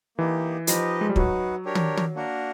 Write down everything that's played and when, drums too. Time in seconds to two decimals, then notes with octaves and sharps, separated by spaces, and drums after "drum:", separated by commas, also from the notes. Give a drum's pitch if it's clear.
0.17 E3 A#3 D#4 G4
0.67 F3 D#4 G4 B4 D#5, drum: hi-hat
1.01 G#3
1.09 G3
1.16 F#3 D#4 F#4 B4, drum: kick
1.65 D4 G4 A#4 C#5
1.75 drum: tom
1.97 drum: tom
2.15 A#3 D4 F#4 A#4